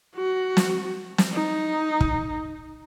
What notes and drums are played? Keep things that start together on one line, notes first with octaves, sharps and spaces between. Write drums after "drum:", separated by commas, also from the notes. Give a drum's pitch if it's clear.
F#4
drum: snare
drum: snare
D#4
drum: kick